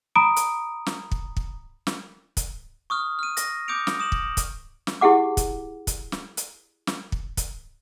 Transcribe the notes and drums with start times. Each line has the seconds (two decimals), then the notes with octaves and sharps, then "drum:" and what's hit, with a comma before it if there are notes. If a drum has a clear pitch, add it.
0.16 A#5 B5 D#6 D7
0.36 drum: hi-hat
0.86 drum: snare
1.12 drum: kick
1.37 drum: kick
1.87 drum: snare
2.37 drum: kick, hi-hat
2.90 C#6 D#6 F6
3.19 F6 D#7
3.37 A#6, drum: hi-hat
3.68 D6 D#6 G6 C#7 D7 F7
3.87 drum: snare
4.00 D#6 E7 F#7
4.12 drum: kick
4.37 drum: kick, hi-hat
4.87 drum: snare
5.01 E4 G4 G#4 F#5 D6
5.37 drum: kick, hi-hat
5.87 drum: kick, hi-hat
6.12 drum: snare
6.37 drum: hi-hat
6.87 drum: snare
7.12 drum: kick
7.37 drum: kick, hi-hat